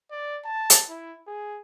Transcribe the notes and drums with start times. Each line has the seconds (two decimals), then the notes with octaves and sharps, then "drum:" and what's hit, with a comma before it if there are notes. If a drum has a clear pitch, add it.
0.11 D5
0.45 A5
0.70 drum: hi-hat
0.89 E4
1.27 G#4